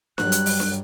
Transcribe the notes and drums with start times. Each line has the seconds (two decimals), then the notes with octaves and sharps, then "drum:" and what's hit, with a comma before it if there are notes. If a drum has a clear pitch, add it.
0.18 G2 F#3 G3 F#6, drum: snare D4
0.32 drum: hi-hat
0.46 drum: open hi-hat
0.60 drum: snare D4